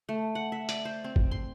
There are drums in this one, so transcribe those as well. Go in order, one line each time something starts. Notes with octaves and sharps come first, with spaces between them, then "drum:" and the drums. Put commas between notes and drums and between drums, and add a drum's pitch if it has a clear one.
A3
F#5
E5
D5, drum: hi-hat
C5
C4
drum: kick
C6